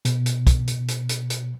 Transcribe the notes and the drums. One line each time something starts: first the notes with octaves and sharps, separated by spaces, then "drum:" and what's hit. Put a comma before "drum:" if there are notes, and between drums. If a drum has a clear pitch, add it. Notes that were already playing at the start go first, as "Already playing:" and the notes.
B2, drum: hi-hat
drum: hi-hat
drum: kick, hi-hat
drum: hi-hat
drum: hi-hat
drum: hi-hat
drum: hi-hat